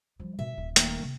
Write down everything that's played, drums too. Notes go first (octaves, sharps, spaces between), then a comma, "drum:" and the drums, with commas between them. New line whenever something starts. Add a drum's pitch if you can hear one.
F3 G3
B2 D#3 E5
D#1 D#4
D#3 A3 A#3, drum: hi-hat
C3